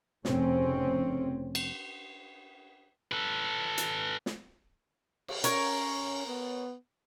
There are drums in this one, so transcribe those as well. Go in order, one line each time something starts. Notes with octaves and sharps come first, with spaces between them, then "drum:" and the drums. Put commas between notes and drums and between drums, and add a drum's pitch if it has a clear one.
F1 C#3 C4 C#4, drum: snare
drum: cymbal
A4 B4
drum: hi-hat
drum: snare
drum: cymbal
C#4 A#4 C#5, drum: hi-hat
B3